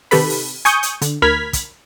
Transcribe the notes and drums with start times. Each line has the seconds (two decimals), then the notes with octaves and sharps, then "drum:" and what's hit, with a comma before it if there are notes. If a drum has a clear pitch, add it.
0.11 C3 D#3 G4 A4 B4 B5, drum: open hi-hat
0.30 drum: open hi-hat
0.65 G#5 C#6 D#6 G6, drum: hi-hat
0.83 drum: hi-hat
1.02 D3, drum: hi-hat
1.22 D2 A#4 B5 F6 G#6 B6
1.53 drum: kick, hi-hat